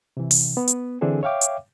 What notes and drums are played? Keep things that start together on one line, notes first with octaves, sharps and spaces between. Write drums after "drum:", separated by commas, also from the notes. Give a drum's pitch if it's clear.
C3 E3
drum: open hi-hat
B3
drum: hi-hat
D3 E3 C4 D4 G#4 A4
C#5 E5 F5 G5 D6
drum: hi-hat